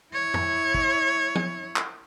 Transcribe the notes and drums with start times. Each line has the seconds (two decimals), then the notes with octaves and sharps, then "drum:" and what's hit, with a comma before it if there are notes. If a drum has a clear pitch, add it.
0.14 E4 C#5
0.34 drum: tom F2
0.74 drum: kick
1.35 drum: tom F3
1.76 drum: clap